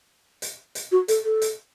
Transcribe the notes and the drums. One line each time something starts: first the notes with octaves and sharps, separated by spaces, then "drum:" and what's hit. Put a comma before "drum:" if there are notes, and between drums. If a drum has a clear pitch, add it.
drum: hi-hat
drum: hi-hat
F#4
A4, drum: hi-hat
A4
drum: hi-hat